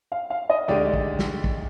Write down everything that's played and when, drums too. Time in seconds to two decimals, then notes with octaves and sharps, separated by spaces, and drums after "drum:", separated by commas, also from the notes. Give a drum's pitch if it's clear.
0.12 F5
0.30 F5
0.49 D#5
0.68 D2 D3 G#3 D#4 G4 D5
0.94 drum: kick
1.19 drum: snare
1.44 drum: kick